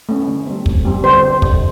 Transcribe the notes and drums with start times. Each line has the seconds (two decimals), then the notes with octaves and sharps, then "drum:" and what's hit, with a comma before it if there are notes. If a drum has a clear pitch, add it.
0.09 A3 C#4
0.27 D3
0.47 G3 C4
0.66 D3, drum: kick
0.85 G3 C4
1.04 D3 C5
1.24 G3 C4
1.42 D3, drum: kick